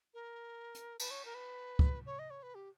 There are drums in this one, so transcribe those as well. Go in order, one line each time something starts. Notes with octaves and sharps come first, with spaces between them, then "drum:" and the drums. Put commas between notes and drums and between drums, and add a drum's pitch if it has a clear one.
A#4
drum: hi-hat
B4, drum: cymbal
C#5
A#4
B4
drum: kick
C#5
D#5
C#5
B4
G4